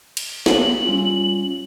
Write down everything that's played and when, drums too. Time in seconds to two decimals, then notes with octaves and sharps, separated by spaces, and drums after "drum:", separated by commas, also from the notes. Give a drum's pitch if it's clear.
0.17 drum: cymbal
0.46 F#7, drum: snare
0.85 G3 C#4 F4